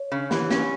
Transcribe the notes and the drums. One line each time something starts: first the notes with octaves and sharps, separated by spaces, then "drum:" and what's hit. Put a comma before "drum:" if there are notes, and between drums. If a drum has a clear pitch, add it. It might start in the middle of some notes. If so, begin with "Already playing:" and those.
Already playing: C#5
C#3
E3 G4, drum: snare
C#4, drum: snare